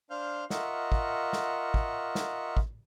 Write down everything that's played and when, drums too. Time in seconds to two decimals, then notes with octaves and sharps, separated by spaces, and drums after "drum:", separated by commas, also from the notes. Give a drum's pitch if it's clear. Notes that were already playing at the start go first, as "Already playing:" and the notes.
0.10 D4 C5 F5 F6 G6
0.50 F4 A#4 D#5 E5 F#5 C#6, drum: snare
0.92 drum: kick
1.33 drum: snare
1.74 drum: kick
2.15 drum: snare
2.57 drum: kick